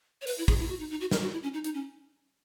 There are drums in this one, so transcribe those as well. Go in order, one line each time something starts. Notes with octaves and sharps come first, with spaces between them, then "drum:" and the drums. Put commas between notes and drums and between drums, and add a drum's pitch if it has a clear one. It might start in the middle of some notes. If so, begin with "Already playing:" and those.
C#5
B4, drum: open hi-hat
E4
G#4, drum: kick
E4
F#4
D#4
D#4
F#4
A#4, drum: snare
F#4
E4
C#4
D#4
D#4, drum: hi-hat
C#4